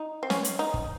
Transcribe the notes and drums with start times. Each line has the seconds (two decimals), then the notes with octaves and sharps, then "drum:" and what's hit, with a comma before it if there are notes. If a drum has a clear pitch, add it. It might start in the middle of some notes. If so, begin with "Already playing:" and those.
Already playing: D#4
0.23 C4
0.30 C#4, drum: snare
0.44 drum: hi-hat
0.59 D#4
0.74 drum: kick